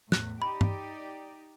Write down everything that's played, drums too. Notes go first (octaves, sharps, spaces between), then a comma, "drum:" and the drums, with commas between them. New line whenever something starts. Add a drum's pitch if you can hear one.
E2 A2 F#6, drum: snare
D#4 G4 D5 B5
drum: tom G2